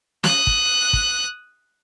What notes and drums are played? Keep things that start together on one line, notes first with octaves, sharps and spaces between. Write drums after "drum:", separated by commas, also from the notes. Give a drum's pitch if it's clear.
D#6 F#6, drum: snare
drum: kick
drum: kick